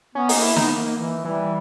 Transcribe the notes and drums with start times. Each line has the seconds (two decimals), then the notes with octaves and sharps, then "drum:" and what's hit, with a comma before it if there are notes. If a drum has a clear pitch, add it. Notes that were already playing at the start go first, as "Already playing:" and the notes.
0.15 B3 C#4
0.29 A#3 D#4, drum: open hi-hat
0.42 E4
0.56 D#4, drum: snare
0.61 B3
0.70 A#3
0.97 E3
1.25 E3 G3